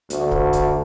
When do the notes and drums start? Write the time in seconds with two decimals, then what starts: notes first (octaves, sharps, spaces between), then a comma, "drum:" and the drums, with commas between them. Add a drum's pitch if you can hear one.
0.10 D2, drum: hi-hat
0.31 drum: kick
0.53 drum: kick, hi-hat